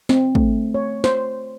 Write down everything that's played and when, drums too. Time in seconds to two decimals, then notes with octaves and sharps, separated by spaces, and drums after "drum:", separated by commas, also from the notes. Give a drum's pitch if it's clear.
0.09 C4, drum: snare
0.35 A3, drum: kick
0.74 C#5
1.04 C5, drum: snare